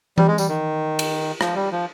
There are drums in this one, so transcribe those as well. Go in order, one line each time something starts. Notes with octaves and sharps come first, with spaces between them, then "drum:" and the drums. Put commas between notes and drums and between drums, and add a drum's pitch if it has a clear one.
G3, drum: tom E3
G#3
G3, drum: tambourine
D#3
drum: cymbal
F3, drum: rim click
G3
F3